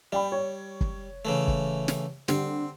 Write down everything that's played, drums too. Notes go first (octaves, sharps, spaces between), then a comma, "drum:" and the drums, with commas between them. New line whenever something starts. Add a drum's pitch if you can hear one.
G3 D5 G5 B5
C#5
drum: kick
C#3 E3 A3
drum: kick
drum: snare
D3 G3 C4, drum: snare